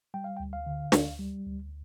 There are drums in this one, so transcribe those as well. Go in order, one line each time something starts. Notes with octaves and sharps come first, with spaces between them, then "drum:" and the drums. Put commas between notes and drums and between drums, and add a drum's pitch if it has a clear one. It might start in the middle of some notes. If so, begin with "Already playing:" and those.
G3 G5
F5
G5
D2
F5
D3
D2, drum: snare
G3
D2